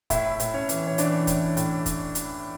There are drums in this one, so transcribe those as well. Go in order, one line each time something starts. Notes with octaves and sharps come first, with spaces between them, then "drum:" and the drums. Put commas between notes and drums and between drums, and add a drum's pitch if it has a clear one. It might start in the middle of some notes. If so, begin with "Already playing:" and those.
A2 E4 E5, drum: kick, hi-hat
A2, drum: hi-hat
C#4 C#5
E3, drum: hi-hat
C#5
E3 D4 D5, drum: hi-hat
A2, drum: kick, hi-hat
A2, drum: hi-hat
drum: kick, hi-hat
drum: hi-hat